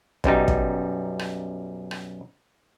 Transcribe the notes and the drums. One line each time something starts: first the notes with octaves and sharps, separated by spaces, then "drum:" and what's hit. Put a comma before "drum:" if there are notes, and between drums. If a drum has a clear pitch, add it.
B1 F#2 G3 D#4, drum: kick
drum: kick
drum: rim click
drum: rim click